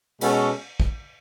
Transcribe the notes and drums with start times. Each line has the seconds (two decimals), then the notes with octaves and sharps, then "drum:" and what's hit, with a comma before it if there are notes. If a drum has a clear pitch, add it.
0.21 B2 G#3 C#4 F#4 A4, drum: cymbal
0.80 drum: kick